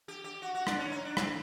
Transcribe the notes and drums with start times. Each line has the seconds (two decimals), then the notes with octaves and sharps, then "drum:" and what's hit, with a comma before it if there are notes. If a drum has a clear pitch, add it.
0.08 G4
0.24 G4
0.42 F#4
0.55 F#4
0.67 D4, drum: rim click
0.79 C#4
0.91 D#4
1.05 D4
1.17 C4, drum: rim click